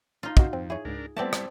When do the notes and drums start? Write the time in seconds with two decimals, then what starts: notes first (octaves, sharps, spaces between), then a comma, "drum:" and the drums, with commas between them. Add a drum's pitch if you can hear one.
0.23 D#4 F4
0.37 C#3 C4 F#4 D#5, drum: kick
0.53 F2 C4
0.70 E4 G#4 C#5
0.85 C#2 G#2 D4 A#4
1.17 G3 A3 B3 C4 E4 D5 A5
1.33 drum: rim click